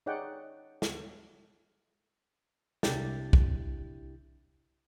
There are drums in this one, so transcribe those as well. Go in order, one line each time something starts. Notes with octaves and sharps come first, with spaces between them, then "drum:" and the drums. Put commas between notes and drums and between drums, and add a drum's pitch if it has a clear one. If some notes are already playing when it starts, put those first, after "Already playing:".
D#4 G#4 C#5 D5 F#5 G5
drum: snare
C2 D4 E4 G4 G6 A6, drum: snare
drum: kick B1